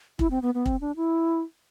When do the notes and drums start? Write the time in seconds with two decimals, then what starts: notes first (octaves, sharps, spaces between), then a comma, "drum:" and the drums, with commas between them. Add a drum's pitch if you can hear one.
0.19 E4, drum: kick
0.31 C4
0.42 B3
0.54 B3
0.66 C4, drum: kick
0.81 D4
0.96 E4